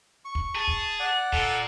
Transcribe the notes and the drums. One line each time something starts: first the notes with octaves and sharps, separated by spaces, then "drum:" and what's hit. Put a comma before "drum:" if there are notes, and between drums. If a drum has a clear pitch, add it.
C#6
drum: kick
G#4 A5
drum: kick
D5 F#5
A#2 A4, drum: kick